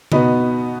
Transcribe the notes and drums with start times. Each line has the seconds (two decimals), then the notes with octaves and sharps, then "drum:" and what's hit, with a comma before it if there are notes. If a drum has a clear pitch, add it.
0.12 B2 B3 D#4 F#4 B4, drum: tom C#3